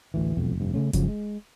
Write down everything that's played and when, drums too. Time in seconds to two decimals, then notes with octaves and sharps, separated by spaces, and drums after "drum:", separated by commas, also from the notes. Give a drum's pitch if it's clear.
0.14 A1 D2 E3
0.37 E1 B1 F2
0.55 F1 G2
0.74 C#3 A3 C#4
0.93 G2 C#3 F3 F#3, drum: kick F1, hi-hat
1.08 G#3